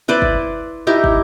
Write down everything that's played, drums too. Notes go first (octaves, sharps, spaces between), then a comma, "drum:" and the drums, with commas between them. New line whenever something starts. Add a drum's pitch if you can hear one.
E4 B4 C5 D5
drum: kick
D#4 E4 G4 A#4
drum: kick